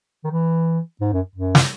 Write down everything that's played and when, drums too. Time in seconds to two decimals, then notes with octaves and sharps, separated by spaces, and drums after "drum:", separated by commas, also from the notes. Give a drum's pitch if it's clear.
0.24 D#3
0.31 E3
1.01 G#2
1.13 F#2
1.35 F#2
1.55 drum: snare